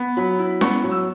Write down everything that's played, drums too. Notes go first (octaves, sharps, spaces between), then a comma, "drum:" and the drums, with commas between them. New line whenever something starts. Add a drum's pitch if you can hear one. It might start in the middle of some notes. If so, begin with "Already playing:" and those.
Already playing: B3
F#3 B5
E4
B3 C#6, drum: snare C#4
F#3
E6